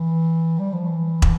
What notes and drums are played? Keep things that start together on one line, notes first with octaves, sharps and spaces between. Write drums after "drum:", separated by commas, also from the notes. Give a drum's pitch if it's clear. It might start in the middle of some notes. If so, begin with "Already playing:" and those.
Already playing: E3
G3
F3
E3
drum: kick